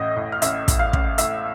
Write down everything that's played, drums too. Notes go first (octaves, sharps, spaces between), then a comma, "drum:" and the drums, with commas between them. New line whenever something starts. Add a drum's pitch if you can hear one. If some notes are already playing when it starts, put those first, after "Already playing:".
Already playing: A1 A2 D#5 D#6
A2
F6
A1 E5 E6, drum: hi-hat
A2, drum: kick, hi-hat
F5 F6
A1, drum: kick
A2 E5 E6, drum: hi-hat